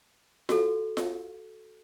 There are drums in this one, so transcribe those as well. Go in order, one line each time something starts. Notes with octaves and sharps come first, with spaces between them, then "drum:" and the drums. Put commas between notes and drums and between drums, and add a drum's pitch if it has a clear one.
F#4 A4, drum: snare F4
drum: snare F4